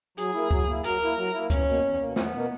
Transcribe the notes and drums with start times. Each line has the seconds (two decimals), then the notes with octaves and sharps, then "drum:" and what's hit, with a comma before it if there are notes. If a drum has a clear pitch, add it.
0.18 F#3 G#4, drum: hi-hat
0.34 A#3 E4
0.51 F#3, drum: kick C#2
0.67 A#3 E4
0.84 F#3 A#4, drum: hi-hat
1.01 A#3 E4
1.17 F#3
1.34 A#3 E4
1.50 E2 C#4, drum: kick C#2, hi-hat
1.67 B2 A#3
1.84 E2
2.00 B2 A#3
2.16 E2 B3, drum: snare
2.33 B2 A#3